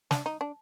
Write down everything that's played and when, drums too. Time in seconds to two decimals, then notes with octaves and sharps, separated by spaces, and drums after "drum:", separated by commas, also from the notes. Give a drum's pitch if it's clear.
0.11 D4, drum: snare
0.26 D#4
0.41 D4